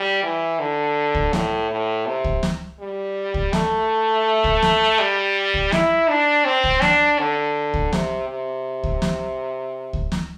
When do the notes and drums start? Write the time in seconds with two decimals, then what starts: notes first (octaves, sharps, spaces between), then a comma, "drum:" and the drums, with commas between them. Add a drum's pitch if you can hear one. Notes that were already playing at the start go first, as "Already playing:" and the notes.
Already playing: G3
0.23 E3
0.59 D3
1.15 drum: kick C#2
1.33 A2, drum: snare
1.70 A2
2.06 C3
2.24 drum: kick C#2
2.43 drum: snare
2.79 G3
3.34 drum: kick C#2
3.53 A3, drum: snare
4.44 drum: kick C#2
4.62 drum: snare
4.99 G3
5.54 drum: kick C#2
5.72 E4, drum: snare
6.09 D4
6.45 C4
6.64 drum: kick C#2
6.82 D4, drum: snare
7.19 D3
7.74 drum: kick C#2
7.93 C3, drum: snare
8.29 C3
8.83 drum: kick C#2
9.02 drum: snare
9.93 drum: kick C#2
10.12 drum: snare